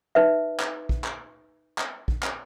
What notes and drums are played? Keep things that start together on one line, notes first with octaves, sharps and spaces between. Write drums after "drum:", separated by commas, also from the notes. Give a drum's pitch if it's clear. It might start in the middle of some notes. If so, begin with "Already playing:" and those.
D#4 B4 E5
drum: clap
drum: kick A#1
drum: clap
drum: clap
drum: kick A#1
drum: clap